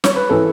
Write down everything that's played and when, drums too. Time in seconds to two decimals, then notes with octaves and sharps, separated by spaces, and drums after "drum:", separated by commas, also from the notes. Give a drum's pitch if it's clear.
0.04 C#5, drum: snare
0.16 B4
0.29 E3 A4